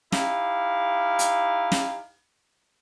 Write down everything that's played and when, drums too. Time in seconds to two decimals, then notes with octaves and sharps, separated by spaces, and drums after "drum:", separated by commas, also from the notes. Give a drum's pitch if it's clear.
0.12 D#4 E4 G4 F5, drum: snare
1.19 drum: hi-hat
1.72 drum: snare